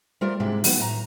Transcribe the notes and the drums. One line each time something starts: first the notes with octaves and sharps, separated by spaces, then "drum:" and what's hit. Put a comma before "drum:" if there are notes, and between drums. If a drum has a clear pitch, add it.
G3 A3 F4 A#4 C5 D5
G#2 C3 G#3 D4 E4
D#3 F#3 B3, drum: open hi-hat
A2 A#5